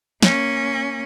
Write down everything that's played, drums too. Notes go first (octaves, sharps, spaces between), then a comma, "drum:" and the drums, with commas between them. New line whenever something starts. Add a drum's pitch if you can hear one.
A#3 C#4, drum: snare